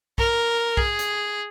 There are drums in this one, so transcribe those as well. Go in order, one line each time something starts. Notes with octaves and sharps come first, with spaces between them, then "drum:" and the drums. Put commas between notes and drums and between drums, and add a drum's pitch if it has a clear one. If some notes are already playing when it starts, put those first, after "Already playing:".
A#4, drum: kick B1
G#4, drum: kick B1
drum: hi-hat